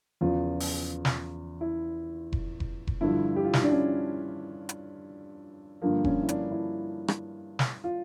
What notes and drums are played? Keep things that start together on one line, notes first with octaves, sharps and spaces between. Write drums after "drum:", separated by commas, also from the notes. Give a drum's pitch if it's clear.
E2 C#3 F3 F4
drum: open hi-hat
drum: snare
E4
drum: kick F1
drum: kick F1
drum: kick F1
G2 D3 F3 E4
G4
F4
E4, drum: snare
D4
C#4
drum: hi-hat
G2 D3 F3 A#3
C#4, drum: kick F1
E4
D4, drum: hi-hat
E4
drum: rim click
drum: snare
F4